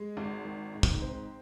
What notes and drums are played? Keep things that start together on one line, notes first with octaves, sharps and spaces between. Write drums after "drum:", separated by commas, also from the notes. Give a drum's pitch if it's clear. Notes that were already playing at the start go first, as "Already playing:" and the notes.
Already playing: G#3
G#1
D#3
G#2
drum: kick
C4